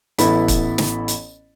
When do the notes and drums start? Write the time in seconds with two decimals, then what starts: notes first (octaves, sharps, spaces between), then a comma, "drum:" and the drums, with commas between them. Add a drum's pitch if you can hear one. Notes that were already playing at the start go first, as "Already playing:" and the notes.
0.18 A1 B3 E4 A4 B5, drum: hi-hat
0.48 drum: kick, hi-hat
0.78 drum: snare
1.08 drum: hi-hat